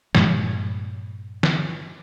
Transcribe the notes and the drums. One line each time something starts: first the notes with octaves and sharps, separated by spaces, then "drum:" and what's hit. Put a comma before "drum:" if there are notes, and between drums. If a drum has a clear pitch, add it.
G2 A#2 F3 G#3, drum: snare
drum: snare